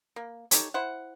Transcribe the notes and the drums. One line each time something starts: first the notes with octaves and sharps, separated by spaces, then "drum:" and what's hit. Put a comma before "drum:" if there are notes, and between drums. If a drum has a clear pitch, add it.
A#3
D#4 G4 A4 C#5, drum: hi-hat
E4 C5 F#5